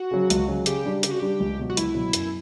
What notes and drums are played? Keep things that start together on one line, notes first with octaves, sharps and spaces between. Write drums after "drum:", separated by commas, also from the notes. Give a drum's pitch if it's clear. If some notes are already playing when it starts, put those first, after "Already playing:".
Already playing: F#4
C#3 F#3
C#2, drum: hi-hat
C#3 F#3
C#3 G4, drum: hi-hat
G3 D4
C#3 G4, drum: hi-hat
F#4
G3 D4 G4
C#2
B2 F#3
F#4
C#2 E4, drum: hi-hat
B2 F#3
F#2, drum: hi-hat